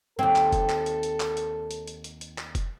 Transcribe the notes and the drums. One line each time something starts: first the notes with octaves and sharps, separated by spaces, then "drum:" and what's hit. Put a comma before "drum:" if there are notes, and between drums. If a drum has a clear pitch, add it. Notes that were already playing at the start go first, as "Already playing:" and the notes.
D#2 C4 A4
drum: clap
drum: kick F1, hi-hat
drum: clap
drum: hi-hat
drum: hi-hat
drum: clap
drum: hi-hat
drum: hi-hat
drum: hi-hat
drum: hi-hat
drum: hi-hat
drum: clap
drum: kick F1, hi-hat